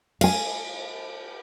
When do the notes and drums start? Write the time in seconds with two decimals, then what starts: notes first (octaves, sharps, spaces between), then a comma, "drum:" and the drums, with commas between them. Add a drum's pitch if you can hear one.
0.21 F5 G#5, drum: cymbal